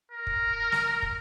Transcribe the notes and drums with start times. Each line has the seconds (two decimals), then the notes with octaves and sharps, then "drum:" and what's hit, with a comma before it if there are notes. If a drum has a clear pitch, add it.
0.12 A#4
0.27 drum: kick
0.72 drum: snare
1.02 drum: kick